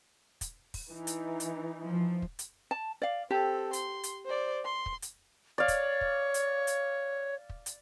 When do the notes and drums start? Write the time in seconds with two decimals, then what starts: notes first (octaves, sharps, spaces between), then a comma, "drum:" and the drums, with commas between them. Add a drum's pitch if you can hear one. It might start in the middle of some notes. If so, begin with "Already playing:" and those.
0.41 drum: kick, hi-hat
0.74 drum: kick, open hi-hat
0.90 E3 D#4
1.07 drum: hi-hat
1.40 drum: hi-hat
1.87 F3
2.22 drum: kick
2.39 drum: hi-hat
2.71 A5
3.02 D5 F5
3.31 C4 G4 A4 A5
3.73 C6, drum: hi-hat
4.03 drum: hi-hat
4.25 C5 D5
4.65 C6
4.86 drum: kick
5.02 drum: hi-hat
5.58 C#5 D5 F5
5.68 drum: kick, hi-hat
6.01 drum: kick
6.34 drum: hi-hat
6.67 drum: hi-hat
7.49 drum: kick
7.66 drum: hi-hat